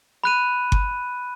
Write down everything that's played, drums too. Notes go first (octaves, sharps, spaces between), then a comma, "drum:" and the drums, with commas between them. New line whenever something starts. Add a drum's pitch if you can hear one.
B5 F#6 D#7
drum: kick G1